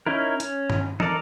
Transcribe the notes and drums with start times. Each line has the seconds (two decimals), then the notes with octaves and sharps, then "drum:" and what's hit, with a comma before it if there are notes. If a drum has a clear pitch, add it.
0.06 C#4 D#4 E4 A#4
0.40 C#4, drum: hi-hat
0.70 drum: tom G2
1.00 D#4 A4 A#4 D5, drum: tom